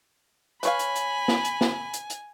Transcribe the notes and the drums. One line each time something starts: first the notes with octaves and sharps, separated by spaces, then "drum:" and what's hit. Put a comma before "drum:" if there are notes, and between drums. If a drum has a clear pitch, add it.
B4 C#5 F5 G#5 B5, drum: hi-hat
drum: hi-hat
drum: hi-hat
drum: snare
drum: hi-hat
drum: snare
drum: hi-hat
drum: hi-hat